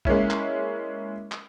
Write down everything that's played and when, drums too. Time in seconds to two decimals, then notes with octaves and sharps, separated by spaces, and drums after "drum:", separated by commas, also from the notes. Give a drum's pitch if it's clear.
0.05 G#3 A#3 C#4 E4, drum: kick
0.31 drum: clap
1.32 drum: clap